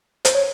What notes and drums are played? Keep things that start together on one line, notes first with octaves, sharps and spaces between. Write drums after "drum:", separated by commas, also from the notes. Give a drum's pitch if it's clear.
C5, drum: hi-hat
C#5